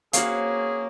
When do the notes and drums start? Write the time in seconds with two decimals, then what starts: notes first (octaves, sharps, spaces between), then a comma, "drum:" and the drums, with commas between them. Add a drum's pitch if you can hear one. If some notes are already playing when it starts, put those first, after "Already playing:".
0.13 A#3 C4 C#4 F#4 G#4 C#5 F5, drum: hi-hat